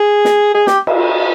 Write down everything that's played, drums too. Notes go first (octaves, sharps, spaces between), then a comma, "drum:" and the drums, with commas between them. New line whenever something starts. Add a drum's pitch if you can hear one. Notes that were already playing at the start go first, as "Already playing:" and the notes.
Already playing: G#4
drum: snare
G#4
G4, drum: snare
drum: cymbal